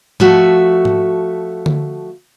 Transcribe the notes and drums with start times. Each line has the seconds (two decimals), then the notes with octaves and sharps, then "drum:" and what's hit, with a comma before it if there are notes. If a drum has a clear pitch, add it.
0.20 F3 A3 F#4 E5, drum: tom G#2
0.85 drum: tom G#2
1.66 drum: tom D3